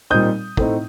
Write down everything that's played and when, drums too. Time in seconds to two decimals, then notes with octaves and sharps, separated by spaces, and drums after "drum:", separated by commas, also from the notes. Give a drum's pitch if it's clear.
0.10 A#2 G3 C4 D#4 D#6 G6
0.57 A2 A3 C4 D#4, drum: kick